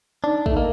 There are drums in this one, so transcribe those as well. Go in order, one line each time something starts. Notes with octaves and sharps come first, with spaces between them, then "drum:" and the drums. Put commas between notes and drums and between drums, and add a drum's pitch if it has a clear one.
D4 D#4
A3, drum: kick
A#3 D#5